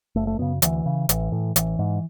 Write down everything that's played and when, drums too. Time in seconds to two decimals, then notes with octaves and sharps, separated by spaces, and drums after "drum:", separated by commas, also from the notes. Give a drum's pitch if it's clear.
0.16 F#1 A3
0.27 A3
0.39 F#2 C#3 B3
0.62 D2 E3, drum: hi-hat
0.86 C#3
1.09 A1 E3, drum: hi-hat
1.32 A2
1.56 A1 E3, drum: hi-hat
1.79 G#2